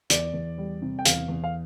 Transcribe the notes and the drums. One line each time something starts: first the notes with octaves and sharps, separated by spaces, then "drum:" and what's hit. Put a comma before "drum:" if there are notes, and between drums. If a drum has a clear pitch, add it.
E2 D5, drum: hi-hat
E2
G3
C3
G5
E2 F5, drum: hi-hat
E2
F5